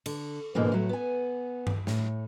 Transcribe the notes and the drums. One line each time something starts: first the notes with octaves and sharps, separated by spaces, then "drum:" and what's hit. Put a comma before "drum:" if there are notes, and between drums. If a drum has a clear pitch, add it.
D3, drum: cymbal
G#2 B2 D3 E3 A#3
A2 F#3 A3
B3 G#5
drum: tom G2
A2, drum: snare